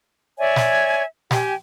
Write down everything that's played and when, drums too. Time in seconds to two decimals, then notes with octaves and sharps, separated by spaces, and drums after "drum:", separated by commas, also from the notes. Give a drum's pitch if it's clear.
0.38 C#5 D5 E5 G#5
0.56 drum: snare
1.31 G4 G5 G#5, drum: snare